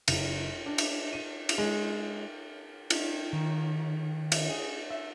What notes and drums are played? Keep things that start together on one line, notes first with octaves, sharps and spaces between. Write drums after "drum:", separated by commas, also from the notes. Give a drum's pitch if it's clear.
F#1, drum: cymbal
D4
drum: cymbal
D#7
drum: cymbal
G#3
drum: cymbal
D#3
drum: cymbal
G#4
E5